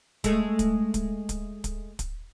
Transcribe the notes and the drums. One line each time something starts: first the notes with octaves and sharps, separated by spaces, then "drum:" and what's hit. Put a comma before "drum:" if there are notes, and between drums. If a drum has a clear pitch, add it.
G#3 A3, drum: kick, hi-hat
drum: kick, hi-hat
drum: kick, hi-hat
drum: kick, hi-hat
drum: kick, hi-hat
drum: kick, hi-hat